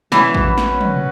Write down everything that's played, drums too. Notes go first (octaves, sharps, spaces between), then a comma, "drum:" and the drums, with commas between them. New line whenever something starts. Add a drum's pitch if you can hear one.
E3 F#3 C#4 F#4 B4, drum: snare
drum: kick A1
drum: snare
drum: tom